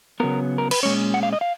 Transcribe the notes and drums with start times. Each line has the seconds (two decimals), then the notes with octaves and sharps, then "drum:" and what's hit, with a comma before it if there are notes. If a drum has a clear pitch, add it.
0.20 C#3 F#3 B3 A#4
0.58 A#4
0.71 B4, drum: cymbal
0.83 A#2 G#3 C#4 C#5
1.14 F#5
1.23 F5
1.33 D#5
1.41 F5